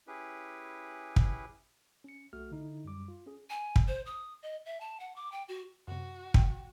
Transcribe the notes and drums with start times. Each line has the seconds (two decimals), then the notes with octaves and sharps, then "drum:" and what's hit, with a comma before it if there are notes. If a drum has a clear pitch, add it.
0.07 C#4 E4 G4 G#4 B4
1.16 drum: kick
2.04 C#4 C#7
2.33 B1 A3 F#4 F6
2.51 D3 D#4 E4
2.84 F#2 G3 D6
3.08 F4
3.26 C#4 G#4
3.50 G#5
3.76 drum: kick
3.88 C5
4.06 D#6
4.43 D#5
4.66 E5
4.81 A5
5.00 F#5
5.16 D6
5.32 G5
5.48 F#4
5.88 F#2 C3 F#4
6.34 G5, drum: kick